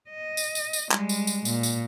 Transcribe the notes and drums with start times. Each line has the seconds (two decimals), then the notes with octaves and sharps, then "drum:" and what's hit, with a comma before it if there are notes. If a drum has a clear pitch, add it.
0.11 D#5
0.37 drum: tambourine
0.55 drum: tambourine
0.73 drum: tambourine
0.91 G3 G#3, drum: clap
1.09 drum: tambourine
1.27 drum: tambourine
1.45 A#2, drum: tambourine
1.63 drum: tambourine